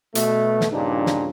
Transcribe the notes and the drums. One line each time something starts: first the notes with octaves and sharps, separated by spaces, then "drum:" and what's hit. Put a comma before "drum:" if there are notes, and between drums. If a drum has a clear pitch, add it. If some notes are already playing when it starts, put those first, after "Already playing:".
B2 A3, drum: hi-hat
drum: snare
G2 A#2 C#3 F3 D4 D#4
drum: snare